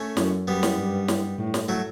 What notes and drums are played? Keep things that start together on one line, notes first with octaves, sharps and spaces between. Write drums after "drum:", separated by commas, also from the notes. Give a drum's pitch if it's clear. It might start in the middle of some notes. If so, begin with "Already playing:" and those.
Already playing: A3 C#4
F#2, drum: snare
F#2 G3 B3
drum: snare
G2
drum: snare
A2
drum: snare
F#3 A3